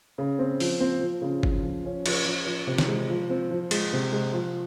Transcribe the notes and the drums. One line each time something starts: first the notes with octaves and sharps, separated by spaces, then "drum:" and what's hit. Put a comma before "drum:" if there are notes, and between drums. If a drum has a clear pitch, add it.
C#3
C4
F3, drum: open hi-hat
C4
F3
C#3
F3, drum: kick
F3
C#4
F3, drum: cymbal
F3
F3
C3
drum: snare
G#3
F3
C4
F3
G#3, drum: cymbal
C3
G#3
F3